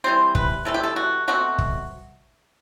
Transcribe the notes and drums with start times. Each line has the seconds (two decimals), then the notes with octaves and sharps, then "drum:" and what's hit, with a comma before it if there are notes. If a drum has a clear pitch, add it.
0.04 E3 G3 C4 C5
0.35 B4, drum: kick
0.65 C3 E3 A3 C4 A4
0.74 G4
0.83 A4
0.96 F#4
1.28 B2 A3 C4 F#4
1.58 drum: kick